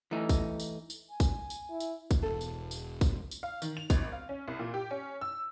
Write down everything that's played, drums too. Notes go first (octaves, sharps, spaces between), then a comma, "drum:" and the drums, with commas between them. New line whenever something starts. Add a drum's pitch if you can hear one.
E3 A3 D#4
drum: kick, tambourine
drum: tambourine
drum: tambourine
G#5
drum: kick, tambourine
drum: tambourine
E4
drum: tambourine
drum: kick, tambourine
E1 A4
drum: tambourine
drum: tambourine
drum: kick, tambourine
drum: tambourine
F5
D#3, drum: tambourine
F7
G#1, drum: kick, tambourine
F5
C#4
C2
A#2
G4
C#4
E6